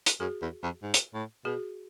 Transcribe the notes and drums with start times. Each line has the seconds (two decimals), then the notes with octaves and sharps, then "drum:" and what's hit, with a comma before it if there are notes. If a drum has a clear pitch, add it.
0.06 drum: hi-hat
0.20 F#2 F#4 G#4
0.42 E2
0.63 F2
0.83 G#2
0.94 drum: hi-hat
1.14 A2
1.45 B2 F#4 G#4